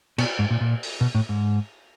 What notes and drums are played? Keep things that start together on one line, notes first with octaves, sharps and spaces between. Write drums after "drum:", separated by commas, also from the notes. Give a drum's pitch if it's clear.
B2, drum: cymbal
G#2
A#2
A#2
drum: open hi-hat
B2
A2
G#2